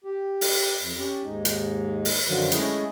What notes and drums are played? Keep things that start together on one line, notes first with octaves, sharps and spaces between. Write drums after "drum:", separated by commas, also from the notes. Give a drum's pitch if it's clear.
G4
drum: open hi-hat
F2
C#4 G4
D#2 G#2 G#3 D#4
drum: hi-hat
drum: open hi-hat
F#2 D3 D#3 F3 F#3
G#3 A3 C#4 E4 G#4 D#5, drum: hi-hat